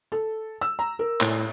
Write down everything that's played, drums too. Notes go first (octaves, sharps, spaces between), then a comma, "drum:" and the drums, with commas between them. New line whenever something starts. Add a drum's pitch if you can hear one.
A4
E6
A#5
A#4
A2, drum: clap